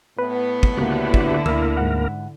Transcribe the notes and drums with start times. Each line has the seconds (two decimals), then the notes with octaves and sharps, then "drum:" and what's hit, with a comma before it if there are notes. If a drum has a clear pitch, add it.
0.19 A2 B3 B4
0.63 drum: kick
0.77 C#2 D3 A#3 E4 F#4 G4 B4
1.14 drum: kick
1.46 D2 A#3 A#4 E6, drum: tom D3
1.77 G#2 F#5